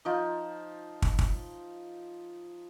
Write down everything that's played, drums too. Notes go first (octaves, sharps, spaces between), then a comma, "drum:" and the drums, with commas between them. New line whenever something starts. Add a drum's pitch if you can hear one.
F3 D#4
drum: kick
drum: kick